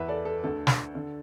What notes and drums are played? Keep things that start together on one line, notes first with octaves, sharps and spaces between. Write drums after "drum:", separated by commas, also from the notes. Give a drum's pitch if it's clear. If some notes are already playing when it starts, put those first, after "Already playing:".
Already playing: E2 E3 B4 E5
A4 D5
A4
D2 D3 A4
drum: snare
D3